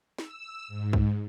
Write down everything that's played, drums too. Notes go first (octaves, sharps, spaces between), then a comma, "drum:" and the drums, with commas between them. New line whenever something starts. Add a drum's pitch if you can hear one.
E6, drum: snare
G#2
drum: kick B1